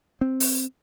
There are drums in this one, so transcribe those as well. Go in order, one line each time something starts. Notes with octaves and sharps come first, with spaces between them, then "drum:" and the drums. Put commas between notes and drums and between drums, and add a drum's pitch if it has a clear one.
C4
drum: open hi-hat